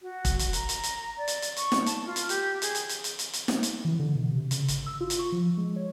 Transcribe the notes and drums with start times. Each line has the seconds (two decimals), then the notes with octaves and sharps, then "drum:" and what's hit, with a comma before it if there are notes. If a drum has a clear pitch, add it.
0.01 F#4
0.25 drum: kick E1, hi-hat
0.39 drum: hi-hat
0.53 A#5, drum: hi-hat
0.69 drum: hi-hat
0.83 drum: hi-hat
1.18 D5
1.28 drum: hi-hat
1.42 drum: hi-hat
1.56 C#6, drum: hi-hat
1.72 drum: snare
1.86 A5, drum: hi-hat
2.06 F4
2.16 drum: hi-hat
2.29 G4, drum: hi-hat
2.62 G#4, drum: hi-hat
2.75 drum: hi-hat
2.89 drum: hi-hat
3.04 drum: hi-hat
3.19 drum: hi-hat
3.33 drum: hi-hat
3.48 drum: snare
3.63 drum: hi-hat
3.85 E3
3.99 D3
4.15 B2
4.31 C3
4.51 C#3, drum: hi-hat
4.68 G#1, drum: hi-hat
4.86 E6
5.01 F4
5.10 drum: hi-hat
5.19 C#6
5.32 F3
5.58 G#3
5.76 C#5